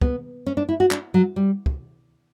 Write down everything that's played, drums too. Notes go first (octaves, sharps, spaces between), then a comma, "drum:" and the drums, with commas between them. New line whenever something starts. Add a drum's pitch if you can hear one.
B3, drum: kick
C#4
D4
E4
F#4
D4, drum: clap
F#3
G3
drum: kick